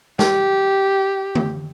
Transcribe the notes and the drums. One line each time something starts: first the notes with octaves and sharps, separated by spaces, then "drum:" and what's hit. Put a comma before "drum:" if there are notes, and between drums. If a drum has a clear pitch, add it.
G4, drum: snare
drum: tom